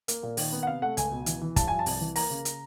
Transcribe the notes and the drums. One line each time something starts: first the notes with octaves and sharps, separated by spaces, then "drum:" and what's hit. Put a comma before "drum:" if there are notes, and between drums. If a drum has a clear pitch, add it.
A#3, drum: hi-hat
A#2
D#3, drum: open hi-hat
B3
F#5
C3 F5
A3 F#5
C#2 G#5, drum: hi-hat
B2
E3, drum: hi-hat
E3
G2 A5, drum: kick, hi-hat
F3 G#5
A5
C2, drum: open hi-hat
E3
A#3 A#5, drum: open hi-hat
C#3
drum: hi-hat